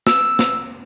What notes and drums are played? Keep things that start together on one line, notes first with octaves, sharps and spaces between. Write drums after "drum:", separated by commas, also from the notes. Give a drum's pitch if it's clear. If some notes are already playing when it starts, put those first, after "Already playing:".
E6, drum: snare
drum: snare